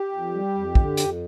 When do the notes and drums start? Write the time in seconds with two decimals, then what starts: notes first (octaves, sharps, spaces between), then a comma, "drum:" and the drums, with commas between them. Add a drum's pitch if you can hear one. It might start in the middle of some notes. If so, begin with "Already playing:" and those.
Already playing: G4
0.12 F2
0.34 G3
0.55 F2
0.75 D3, drum: kick
0.97 F2, drum: hi-hat